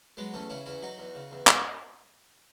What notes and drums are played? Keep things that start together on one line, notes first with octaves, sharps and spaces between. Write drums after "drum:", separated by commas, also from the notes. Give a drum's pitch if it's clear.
F#3 G#3 B3
E2 A3 C#4
C#3 C#4 E4
E2 C#4 E4
F#3 D#4 F#4
E2
C#3
E2
G#2, drum: clap